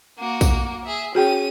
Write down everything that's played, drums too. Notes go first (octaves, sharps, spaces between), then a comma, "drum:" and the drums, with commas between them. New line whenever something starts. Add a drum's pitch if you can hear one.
A#3 F#4
drum: kick B1, tambourine
G#4 E5
C#4 F#4 G#4 G5 D#7